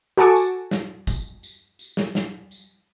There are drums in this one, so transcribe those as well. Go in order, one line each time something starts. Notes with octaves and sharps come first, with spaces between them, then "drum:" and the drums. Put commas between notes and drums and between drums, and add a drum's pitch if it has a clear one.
F#4 A4 G#5 A5 C#6 D6
drum: tambourine
drum: snare
drum: kick, tambourine
drum: tambourine
drum: tambourine
drum: snare
drum: snare
drum: tambourine